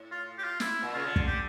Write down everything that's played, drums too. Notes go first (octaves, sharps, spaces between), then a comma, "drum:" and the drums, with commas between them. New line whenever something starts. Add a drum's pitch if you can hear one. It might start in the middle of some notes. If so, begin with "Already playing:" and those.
Already playing: A2
F4
G4
F4
E4, drum: snare
A#2
C#3 F4
D3
drum: kick
G4